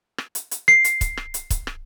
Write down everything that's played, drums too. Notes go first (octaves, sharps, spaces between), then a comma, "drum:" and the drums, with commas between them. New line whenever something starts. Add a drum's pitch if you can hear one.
drum: rim click
drum: hi-hat
drum: hi-hat
C7, drum: rim click
drum: hi-hat
drum: kick, hi-hat
drum: rim click
drum: hi-hat
drum: kick, hi-hat
drum: rim click